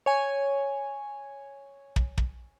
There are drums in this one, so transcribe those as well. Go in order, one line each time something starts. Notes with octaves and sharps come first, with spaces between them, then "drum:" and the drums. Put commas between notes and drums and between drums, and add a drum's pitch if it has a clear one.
C#5 G#5
drum: kick
drum: kick